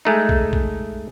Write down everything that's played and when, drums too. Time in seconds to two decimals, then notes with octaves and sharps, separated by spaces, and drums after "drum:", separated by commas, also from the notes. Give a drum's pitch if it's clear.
0.05 G#3 A3 D#4
0.29 drum: kick
0.53 drum: kick